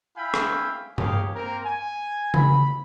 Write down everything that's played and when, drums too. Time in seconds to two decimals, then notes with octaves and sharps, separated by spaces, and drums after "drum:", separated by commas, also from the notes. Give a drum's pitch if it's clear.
0.17 E4 E5 F5 G5 G#5 B5
0.34 drum: rim click
0.98 A#3 G4 G#4 C#5 F5, drum: tom G2
1.35 A#3 C4 A#4
1.65 G#5
2.34 B5, drum: tom C#3